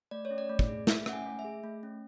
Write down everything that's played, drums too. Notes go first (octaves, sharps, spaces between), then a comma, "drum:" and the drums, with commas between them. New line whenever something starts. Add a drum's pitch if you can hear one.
A3 D5
C#5
C#4
D5
A3
drum: kick
G#4
A3 E5, drum: snare
C#4 F#5, drum: rim click
G#5
A3
E5
G#4
A3
C#4